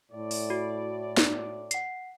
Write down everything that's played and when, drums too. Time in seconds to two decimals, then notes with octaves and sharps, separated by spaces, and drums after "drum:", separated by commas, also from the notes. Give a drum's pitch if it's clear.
0.12 A2 D5
0.31 drum: open hi-hat
0.50 F#4
1.17 drum: snare
1.71 F#5 C7, drum: hi-hat